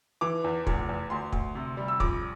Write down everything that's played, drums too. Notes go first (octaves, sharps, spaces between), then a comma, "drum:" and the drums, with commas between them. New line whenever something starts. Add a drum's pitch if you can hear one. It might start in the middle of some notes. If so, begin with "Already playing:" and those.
E3 D6
E2
F1, drum: kick
E2
D2 C6
D2, drum: kick
C3
G3
E6
A#1 D6, drum: kick